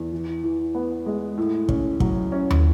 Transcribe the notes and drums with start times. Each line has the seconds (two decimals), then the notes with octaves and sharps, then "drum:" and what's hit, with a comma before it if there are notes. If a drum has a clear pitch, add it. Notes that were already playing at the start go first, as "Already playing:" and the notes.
Already playing: E2
0.12 E3
0.43 E3
0.75 B3
1.06 G#3
1.37 A2
1.69 C#4, drum: kick
2.00 F#3, drum: kick
2.32 C#4
2.50 drum: tom D#2